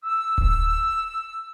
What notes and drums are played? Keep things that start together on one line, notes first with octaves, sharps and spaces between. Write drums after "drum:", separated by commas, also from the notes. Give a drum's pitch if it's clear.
E6
drum: kick D1